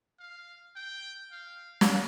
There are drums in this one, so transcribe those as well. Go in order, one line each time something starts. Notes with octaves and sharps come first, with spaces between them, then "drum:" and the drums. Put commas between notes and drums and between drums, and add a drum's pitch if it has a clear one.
F5
G5
F5
drum: snare